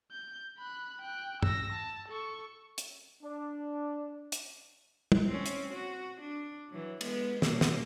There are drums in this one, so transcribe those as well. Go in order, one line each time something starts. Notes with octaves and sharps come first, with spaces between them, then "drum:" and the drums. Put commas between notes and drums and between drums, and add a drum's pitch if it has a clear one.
G6
B5 F#6
G5 F#6
E6 A#6, drum: tom
A5
A4 C#6
drum: hi-hat
D4
drum: hi-hat
drum: tom
C4 C#4
drum: hi-hat
F#4
D4
E3 F#3
G#3 B3, drum: cymbal
B2 G3 A#3, drum: snare
drum: snare